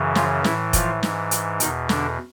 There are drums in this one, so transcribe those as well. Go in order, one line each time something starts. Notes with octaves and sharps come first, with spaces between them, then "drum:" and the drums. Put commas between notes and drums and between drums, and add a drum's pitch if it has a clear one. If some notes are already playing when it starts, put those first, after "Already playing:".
Already playing: F#2 C#3 E3
F3 F4, drum: snare
A2 E3 E4, drum: snare
F3 F4, drum: kick F1, hi-hat
G#2 E3, drum: snare
drum: hi-hat
E2 B2 D#3 D#4, drum: hi-hat
D3 D4, drum: snare